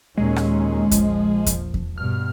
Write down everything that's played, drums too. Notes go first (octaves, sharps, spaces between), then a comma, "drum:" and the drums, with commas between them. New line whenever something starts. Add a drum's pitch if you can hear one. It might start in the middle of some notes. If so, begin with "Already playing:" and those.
D#2 A#2 G#3 C#4
drum: rim click
A#1 F3, drum: kick E2, hi-hat
drum: kick E2, hi-hat
drum: kick E2
G2 B2 F6